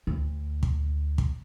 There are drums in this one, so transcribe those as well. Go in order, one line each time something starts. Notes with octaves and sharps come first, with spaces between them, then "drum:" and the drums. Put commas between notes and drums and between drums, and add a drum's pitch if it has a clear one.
D2
drum: kick
drum: kick